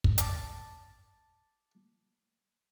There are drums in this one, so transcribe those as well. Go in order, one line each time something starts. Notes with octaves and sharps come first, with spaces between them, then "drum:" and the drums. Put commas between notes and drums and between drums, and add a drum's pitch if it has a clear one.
drum: kick
A5 D6, drum: hi-hat